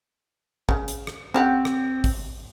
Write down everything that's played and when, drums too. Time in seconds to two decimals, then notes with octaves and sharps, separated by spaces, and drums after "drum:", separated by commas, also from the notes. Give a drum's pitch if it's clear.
0.69 C#3, drum: kick
0.88 drum: hi-hat
1.07 drum: rim click
1.34 C4 C#4 G4 F#5
1.65 drum: rim click
2.04 drum: kick, open hi-hat